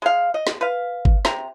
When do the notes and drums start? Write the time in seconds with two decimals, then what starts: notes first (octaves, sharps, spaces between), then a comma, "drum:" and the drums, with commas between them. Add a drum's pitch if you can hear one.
0.02 G#3 A#4 F5
0.34 D#5
0.47 drum: snare
0.61 B4 F5
1.05 drum: kick G1
1.25 C3 A#5, drum: snare